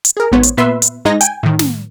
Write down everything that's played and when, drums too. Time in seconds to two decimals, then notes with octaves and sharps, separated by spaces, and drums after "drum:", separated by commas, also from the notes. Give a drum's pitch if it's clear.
0.05 drum: hi-hat
0.17 G#4 A#4
0.32 A1 G#2 B3 C5 C#5
0.43 drum: hi-hat
0.57 A#2 B3 B4 E5 C6
0.82 drum: hi-hat
1.05 G#2 G#3 D#4 D#5 G#6 A#6
1.21 G5 G#5, drum: hi-hat
1.43 A2 D#3
1.59 drum: snare